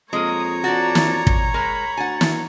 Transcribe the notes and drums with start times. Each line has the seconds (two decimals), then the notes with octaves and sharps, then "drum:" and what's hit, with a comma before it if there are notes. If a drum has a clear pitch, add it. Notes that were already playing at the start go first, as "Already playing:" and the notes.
0.13 F2 G#3 A#3 C#5 A#5 D#6
0.64 D4 F#4 A6
0.95 drum: snare
1.27 drum: kick
1.54 G#3 A#4 B5
1.97 D2 F#5 G#5 A6
2.21 drum: snare